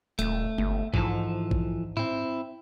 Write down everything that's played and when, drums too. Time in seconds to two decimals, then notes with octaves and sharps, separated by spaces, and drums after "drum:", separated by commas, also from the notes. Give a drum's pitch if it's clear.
0.19 D#1 A3, drum: hi-hat
0.58 G1, drum: tom
0.94 G#2 E3 F3 A4, drum: kick
1.51 drum: kick
1.97 C4 E4, drum: tom G#2